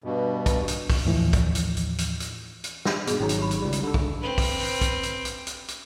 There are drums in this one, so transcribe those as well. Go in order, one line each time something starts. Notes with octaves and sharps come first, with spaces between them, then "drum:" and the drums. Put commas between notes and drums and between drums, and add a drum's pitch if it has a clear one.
G2 B2
drum: kick, hi-hat
drum: hi-hat
drum: kick, open hi-hat
D#2 A2 E3 F3
drum: kick, hi-hat
drum: hi-hat
drum: hi-hat
drum: hi-hat
drum: hi-hat
drum: hi-hat
drum: snare
G2 B2 G#4, drum: hi-hat
G#1 F#3 C#4 D#4 A#5
drum: hi-hat
G4 B5
drum: hi-hat
C#2 G3
drum: hi-hat
D3 A4
drum: kick
C4 B4
drum: kick, open hi-hat
drum: open hi-hat
drum: kick, hi-hat
drum: hi-hat
drum: hi-hat
drum: hi-hat
drum: hi-hat